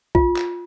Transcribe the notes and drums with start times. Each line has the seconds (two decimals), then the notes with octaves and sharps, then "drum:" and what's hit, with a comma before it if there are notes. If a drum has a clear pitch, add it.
0.15 F4, drum: kick B1
0.37 drum: clap